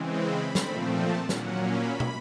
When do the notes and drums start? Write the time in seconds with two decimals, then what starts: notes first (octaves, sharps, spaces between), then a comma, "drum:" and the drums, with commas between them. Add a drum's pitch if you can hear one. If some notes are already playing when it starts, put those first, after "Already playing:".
Already playing: C#3 E3 G#3 C4
0.18 B5
0.55 A#2 F3 A3 C4, drum: snare
0.93 A5
1.29 A#2 F#3 A#3 C#4 F#5, drum: snare
1.66 B5
2.00 drum: tom